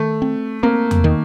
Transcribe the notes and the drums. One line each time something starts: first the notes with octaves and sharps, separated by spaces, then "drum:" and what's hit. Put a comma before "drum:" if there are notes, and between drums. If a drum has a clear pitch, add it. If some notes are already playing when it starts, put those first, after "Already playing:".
Already playing: D#3 A3
C4
A#3 C4
drum: tom E2
D#3